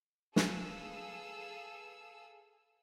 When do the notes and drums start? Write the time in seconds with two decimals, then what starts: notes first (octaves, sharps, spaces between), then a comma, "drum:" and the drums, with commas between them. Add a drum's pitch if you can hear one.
0.36 G#4 A4 B4 F5 E6, drum: snare